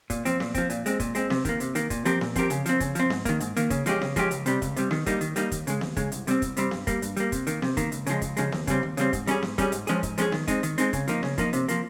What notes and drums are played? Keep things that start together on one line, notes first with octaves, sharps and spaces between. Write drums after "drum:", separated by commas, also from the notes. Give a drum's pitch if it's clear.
A#2, drum: kick, hi-hat
F3 C4, drum: hi-hat
A#2, drum: snare B3
F3 C4, drum: kick, hi-hat
A#2, drum: hi-hat
G#3 C4, drum: hi-hat
A#2, drum: kick, hi-hat
G#3 C4, drum: hi-hat
C3, drum: snare B3
D#3 A#3, drum: kick, hi-hat
C3, drum: hi-hat
D#3 A#3, drum: hi-hat
A#2, drum: kick, hi-hat
F3 C4 G4 A#4, drum: hi-hat
A#2, drum: snare B3
F3 C4 G4 A#4, drum: kick, hi-hat
C#3, drum: hi-hat
F3 C4, drum: hi-hat
C#3, drum: kick, hi-hat
F3 C4, drum: hi-hat
G#2, drum: snare B3
D#3 A#3, drum: kick, hi-hat
G#2, drum: hi-hat
D#3 A#3, drum: hi-hat
C#3, drum: kick, hi-hat
F3 G#3 C#4 G4, drum: hi-hat
C#3, drum: snare B3
F3 G#3 C#4 G4, drum: kick, hi-hat
C#2, drum: hi-hat
C3 G3, drum: hi-hat
C#2, drum: kick, hi-hat
C3 G3, drum: hi-hat
D#3, drum: snare B3
G3 A#3 D#4, drum: kick, hi-hat
D#3, drum: hi-hat
G3 A#3 D#4, drum: hi-hat
D#2, drum: kick, hi-hat
C#3 G#3, drum: hi-hat
D#2, drum: snare B3
C#3 G#3, drum: kick, hi-hat
C2, drum: hi-hat
C3 G3 C4, drum: hi-hat
C2, drum: kick, hi-hat
C3 G3 C4, drum: hi-hat
G2, drum: snare B3
G3 A#3, drum: kick, hi-hat
G2, drum: hi-hat
G3 A#3, drum: hi-hat
C3, drum: kick, hi-hat
D#3 A#3, drum: hi-hat
C3, drum: snare B3
D#3 A#3, drum: kick, hi-hat
C#2, drum: hi-hat
C#3 F3 G#3, drum: hi-hat
C#2, drum: kick, hi-hat
C#3 F3 G#3, drum: hi-hat
D#2, drum: snare B3
C#3 G3 C4, drum: kick, hi-hat
D#2
C#3 G3 C4, drum: hi-hat
G#2, drum: kick, hi-hat
G3 C#4 G#4, drum: hi-hat
G#2, drum: snare B3
G3 C#4 G#4, drum: kick, hi-hat
G#2, drum: hi-hat
F3 G#3 C#4 G#4, drum: hi-hat
G#2, drum: kick, hi-hat
F3 G#3 C#4 G#4, drum: hi-hat
D#3, drum: snare B3
G#3 C4 D#4, drum: kick, hi-hat
D#3, drum: hi-hat
G#3 C4 D#4, drum: hi-hat
C#3, drum: kick, hi-hat
F3 A#3 D#4, drum: hi-hat
C#3, drum: snare B3
F3 A#3 D#4, drum: kick, hi-hat
C3, drum: hi-hat
F3 A#3, drum: hi-hat